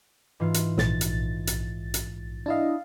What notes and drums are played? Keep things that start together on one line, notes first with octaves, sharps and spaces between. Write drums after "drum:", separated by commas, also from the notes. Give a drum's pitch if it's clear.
G#2 E3 F4
drum: hi-hat
A#1 A6, drum: snare
drum: hi-hat
drum: hi-hat
drum: hi-hat
D4 E4 D#5 F5 E6 A6